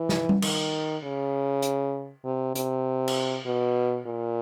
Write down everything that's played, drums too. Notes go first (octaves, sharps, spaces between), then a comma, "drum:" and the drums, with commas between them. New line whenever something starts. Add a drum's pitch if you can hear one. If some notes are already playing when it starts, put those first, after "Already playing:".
Already playing: E3
drum: snare
drum: tom G3
D#3, drum: cymbal
C#3
drum: hi-hat
C3
C3, drum: hi-hat
drum: cymbal
B2
A#2